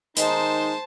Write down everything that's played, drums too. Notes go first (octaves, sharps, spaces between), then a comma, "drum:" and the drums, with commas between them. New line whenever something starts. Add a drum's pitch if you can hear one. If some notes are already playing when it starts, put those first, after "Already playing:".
D#3 G#3 D#4 C5 A5, drum: hi-hat